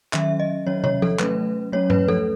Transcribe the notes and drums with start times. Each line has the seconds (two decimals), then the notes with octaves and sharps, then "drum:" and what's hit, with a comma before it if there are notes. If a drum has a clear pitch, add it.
0.13 D#3 F#3 C#4 E5, drum: clap
0.40 D#5
0.67 D#3 F#3 C#4 C#5
0.84 C#5, drum: tom
1.02 A4, drum: tom F3
1.19 F#3 A3 C#4 B4, drum: clap
1.72 F#3 A3 C#4 C#5
1.90 B4, drum: tom
2.08 A4, drum: tom F3